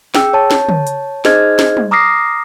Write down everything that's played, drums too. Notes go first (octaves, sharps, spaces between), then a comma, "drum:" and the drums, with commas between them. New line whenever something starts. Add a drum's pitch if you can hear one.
G#4 G5 E6, drum: snare
C#5 A5
drum: snare
drum: tom
drum: hi-hat
D#4 G#4 C5 D#5 F6 G#6, drum: snare
drum: snare
drum: tom
A#5 D6 D#6 F6 A#6 C7